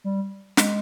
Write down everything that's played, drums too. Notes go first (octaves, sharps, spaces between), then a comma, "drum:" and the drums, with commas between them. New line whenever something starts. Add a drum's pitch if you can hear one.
G3
G#3, drum: snare